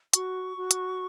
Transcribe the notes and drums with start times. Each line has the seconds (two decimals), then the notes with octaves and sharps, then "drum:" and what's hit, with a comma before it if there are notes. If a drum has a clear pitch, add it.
0.13 F#4 C#6, drum: hi-hat
0.56 F#4
0.71 drum: hi-hat